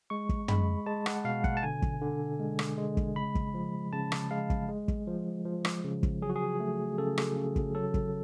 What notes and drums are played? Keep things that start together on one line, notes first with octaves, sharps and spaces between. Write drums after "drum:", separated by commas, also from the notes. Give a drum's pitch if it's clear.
G#3 C#6
drum: kick
G#3 B5, drum: tom
G#3 A5
F#5, drum: rim click
B2 F5
F#5, drum: kick
A5
D3 G#5
drum: kick
D3
G#3
drum: rim click
G#3
drum: kick
C#3 B5
drum: kick
F3
C#3 A5
drum: rim click
G#3 F5
drum: kick
G#3
drum: kick
F3
F3
drum: rim click
C#3
drum: kick
F#3 G#4
F#4
G#4
A3
C#3 A4
drum: rim click
C#3
drum: kick
F#3 A4
drum: kick